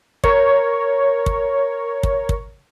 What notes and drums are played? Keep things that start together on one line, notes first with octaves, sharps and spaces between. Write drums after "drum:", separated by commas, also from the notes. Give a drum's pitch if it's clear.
A#4 C#5, drum: kick
drum: kick
drum: kick
drum: kick